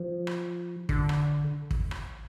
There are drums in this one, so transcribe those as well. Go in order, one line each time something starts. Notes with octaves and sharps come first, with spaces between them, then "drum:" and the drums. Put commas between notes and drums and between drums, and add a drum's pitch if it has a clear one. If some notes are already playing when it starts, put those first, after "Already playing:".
Already playing: F3
drum: rim click
D3, drum: kick
drum: rim click
drum: kick
drum: rim click